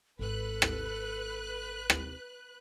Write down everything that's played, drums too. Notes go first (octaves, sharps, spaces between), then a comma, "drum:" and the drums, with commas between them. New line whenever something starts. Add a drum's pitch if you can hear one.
G#1 A4 B4 F#6
drum: rim click
drum: rim click